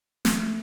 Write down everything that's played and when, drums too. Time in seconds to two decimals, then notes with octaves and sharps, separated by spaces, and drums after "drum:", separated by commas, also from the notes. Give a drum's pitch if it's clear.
0.25 A3, drum: snare